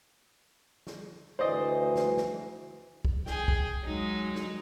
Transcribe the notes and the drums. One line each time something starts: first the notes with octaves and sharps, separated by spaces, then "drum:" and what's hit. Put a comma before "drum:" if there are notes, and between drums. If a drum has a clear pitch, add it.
drum: snare
D2 E3 C5 D5 D#5
drum: snare
drum: snare
drum: kick
G#4 G5, drum: snare
drum: kick
F#3 G#3 D#4
drum: snare